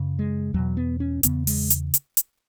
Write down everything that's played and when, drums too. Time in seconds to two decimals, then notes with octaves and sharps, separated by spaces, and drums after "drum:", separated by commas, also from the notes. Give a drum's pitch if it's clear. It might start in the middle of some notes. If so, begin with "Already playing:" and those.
Already playing: F#2 C#3
0.19 G#3
0.54 E2 B2 F#3
0.77 B3
1.00 C#4
1.23 E2 C#3 B3, drum: hi-hat
1.47 G#3, drum: open hi-hat
1.70 drum: hi-hat
1.94 drum: hi-hat
2.17 drum: hi-hat